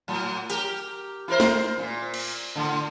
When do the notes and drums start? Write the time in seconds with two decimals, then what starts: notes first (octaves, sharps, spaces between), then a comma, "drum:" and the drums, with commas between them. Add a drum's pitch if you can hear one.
0.08 A2 F#3
0.50 G4 A#4, drum: hi-hat
1.28 E4 A#4 C5
1.40 drum: snare
1.79 A#2
2.14 drum: cymbal
2.56 A2 D3